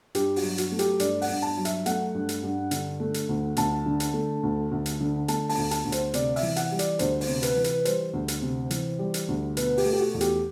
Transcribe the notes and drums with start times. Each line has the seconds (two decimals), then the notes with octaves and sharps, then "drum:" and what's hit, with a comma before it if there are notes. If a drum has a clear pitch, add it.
0.15 G2 G4, drum: hi-hat
0.36 F#4, drum: open hi-hat
0.43 F#3
0.58 F#4, drum: hi-hat
0.72 A3
0.79 G4, drum: hi-hat
1.00 G2 D5, drum: hi-hat
1.22 F#5, drum: open hi-hat
1.29 G2
1.42 A5
1.57 F#3
1.65 E5, drum: hi-hat
1.86 A3 F#5, drum: hi-hat
2.15 G2
2.29 drum: hi-hat
2.43 G2
2.71 D3, drum: hi-hat
3.00 A3
3.14 drum: hi-hat
3.29 D2
3.57 D2 A5, drum: hi-hat
3.86 D3
4.00 drum: hi-hat
4.14 A3
4.43 D2
4.71 D2
4.86 drum: hi-hat
5.00 D3
5.28 A3 A5, drum: hi-hat
5.49 A5, drum: open hi-hat
5.57 D2
5.71 A5, drum: hi-hat
5.85 D2
5.92 C5, drum: hi-hat
6.14 C3 D5, drum: hi-hat
6.36 E5, drum: open hi-hat
6.43 E3
6.56 F#5, drum: hi-hat
6.72 G3
6.79 D5, drum: hi-hat
6.99 D2 C5, drum: hi-hat
7.21 C5, drum: open hi-hat
7.28 C3
7.43 B4, drum: hi-hat
7.56 E3
7.64 B4, drum: hi-hat
7.85 G3 C5, drum: hi-hat
8.13 D2
8.28 drum: hi-hat
8.42 C3
8.71 E3, drum: hi-hat
8.99 G3
9.14 drum: hi-hat
9.28 D2
9.57 B2 B4, drum: hi-hat
9.77 G4, drum: open hi-hat
9.86 A3
9.93 G4
9.99 F#4
10.14 E2
10.21 G4, drum: hi-hat